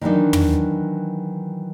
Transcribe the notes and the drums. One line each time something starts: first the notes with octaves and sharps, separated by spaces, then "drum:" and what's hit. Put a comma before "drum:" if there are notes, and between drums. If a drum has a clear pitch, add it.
D#3 E3 F#3 G3 D4 D#4
drum: tom